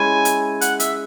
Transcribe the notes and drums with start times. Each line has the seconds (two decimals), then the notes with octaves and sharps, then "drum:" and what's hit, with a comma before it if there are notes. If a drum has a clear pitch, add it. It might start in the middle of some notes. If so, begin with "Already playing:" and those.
Already playing: G#3 C#4 E4 G#5
0.25 drum: hi-hat
0.61 F#5, drum: hi-hat
0.80 E5, drum: hi-hat